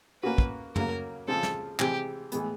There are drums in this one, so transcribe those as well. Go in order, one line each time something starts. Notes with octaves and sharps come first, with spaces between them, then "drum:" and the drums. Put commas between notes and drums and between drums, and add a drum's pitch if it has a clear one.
A#3 C#4 F#4 B4
drum: kick
C#3 F#3 A#3 A#4, drum: tom
C#3 F3 G#3 C4 A4
drum: snare
C3 E3 G#3 C4 G4, drum: clap
A2 E3 G#3 B3, drum: hi-hat